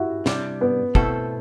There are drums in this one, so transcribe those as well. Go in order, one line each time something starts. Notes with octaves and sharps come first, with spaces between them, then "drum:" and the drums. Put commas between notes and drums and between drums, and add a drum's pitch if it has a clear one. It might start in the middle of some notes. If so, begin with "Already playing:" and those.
Already playing: E4 F#4 G4
C3 G3 D4, drum: snare
B3
B2 A3 C4 E4 A4, drum: kick